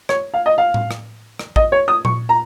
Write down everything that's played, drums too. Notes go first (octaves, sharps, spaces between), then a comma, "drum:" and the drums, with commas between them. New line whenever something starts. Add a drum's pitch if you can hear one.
C#5, drum: rim click
F5
D#5
F5
drum: tom A2
drum: rim click
drum: rim click
D#5, drum: kick
C#5
D#6
C#6, drum: tom A#2
A#5